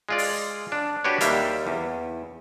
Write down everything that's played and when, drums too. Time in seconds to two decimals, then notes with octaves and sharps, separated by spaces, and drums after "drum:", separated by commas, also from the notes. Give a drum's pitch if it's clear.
0.09 G#3 F4 D5
0.18 drum: open hi-hat
0.72 D4
1.04 D4 F#4 G4 B4 C#5
1.21 D#2 G3 E5 F5 G5, drum: hi-hat
1.67 E2